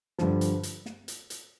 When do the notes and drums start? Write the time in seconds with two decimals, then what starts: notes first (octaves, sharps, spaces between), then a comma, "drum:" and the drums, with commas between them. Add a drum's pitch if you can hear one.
0.19 G2 D3 F3, drum: snare
0.41 drum: hi-hat
0.63 drum: hi-hat
0.86 drum: snare
1.08 drum: hi-hat
1.30 drum: hi-hat